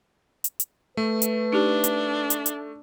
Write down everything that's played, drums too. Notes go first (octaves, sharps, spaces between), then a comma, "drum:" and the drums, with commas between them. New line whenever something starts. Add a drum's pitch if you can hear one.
drum: hi-hat
drum: hi-hat
A3 B4
drum: hi-hat
D4 D#4 G4
drum: hi-hat
drum: hi-hat
drum: hi-hat